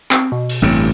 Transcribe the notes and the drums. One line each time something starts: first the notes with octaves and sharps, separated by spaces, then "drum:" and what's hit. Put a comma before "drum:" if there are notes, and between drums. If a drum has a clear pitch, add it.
C4, drum: clap
B2
drum: open hi-hat
A1 G2 C#3 C4